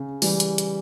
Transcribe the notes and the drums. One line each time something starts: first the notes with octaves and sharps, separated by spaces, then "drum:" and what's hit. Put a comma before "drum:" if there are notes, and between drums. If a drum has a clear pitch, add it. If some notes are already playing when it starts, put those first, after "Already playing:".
Already playing: C#3
E3 G3, drum: open hi-hat
drum: hi-hat
drum: hi-hat